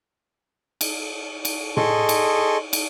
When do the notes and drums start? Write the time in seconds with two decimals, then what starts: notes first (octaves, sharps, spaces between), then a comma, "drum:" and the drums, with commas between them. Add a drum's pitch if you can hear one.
0.81 drum: cymbal
1.45 drum: cymbal
1.77 G#4 A4 D#5 C6 C#6, drum: tom A2
2.09 drum: cymbal
2.73 drum: cymbal